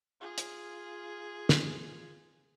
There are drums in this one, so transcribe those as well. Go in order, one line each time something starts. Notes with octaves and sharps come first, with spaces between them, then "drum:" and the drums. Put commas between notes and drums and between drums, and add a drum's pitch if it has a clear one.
F4 G#4
drum: hi-hat
drum: snare